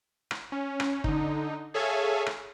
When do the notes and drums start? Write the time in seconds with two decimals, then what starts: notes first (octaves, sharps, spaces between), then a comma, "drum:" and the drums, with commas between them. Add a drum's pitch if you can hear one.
0.31 drum: rim click
0.52 C#4
0.80 drum: rim click
1.04 D3 D#4, drum: kick
1.74 G#4 A4 C#5 E5 F5 G#5
2.26 drum: rim click